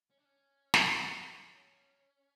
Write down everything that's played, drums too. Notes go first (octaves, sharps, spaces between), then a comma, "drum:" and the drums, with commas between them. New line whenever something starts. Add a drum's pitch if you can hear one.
C#4
D4
C#4
drum: snare
C#4